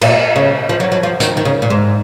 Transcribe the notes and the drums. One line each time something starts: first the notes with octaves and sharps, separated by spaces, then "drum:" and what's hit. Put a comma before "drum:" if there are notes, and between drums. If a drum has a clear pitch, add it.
A#2, drum: cymbal
C#3
F3
F#3
F#3
F3
D#3, drum: hi-hat
D#3
C#3
A#2
G#2